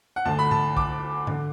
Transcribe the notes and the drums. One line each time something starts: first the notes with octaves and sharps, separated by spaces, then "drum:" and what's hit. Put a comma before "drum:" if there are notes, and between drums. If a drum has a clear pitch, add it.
F#5
D2 D3 A5
B5
A5, drum: tom G#2
D6, drum: kick A#1
D3, drum: tom G#2